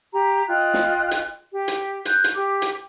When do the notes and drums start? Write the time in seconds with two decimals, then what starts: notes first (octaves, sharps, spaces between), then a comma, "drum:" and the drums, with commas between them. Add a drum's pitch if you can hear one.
0.13 G4 A#5
0.49 F4 D#5 G5 F#6
0.74 drum: snare
1.11 drum: hi-hat
1.52 G4
1.68 drum: hi-hat
2.05 F#6 G6, drum: hi-hat
2.24 drum: hi-hat
2.34 G4 D6
2.62 drum: hi-hat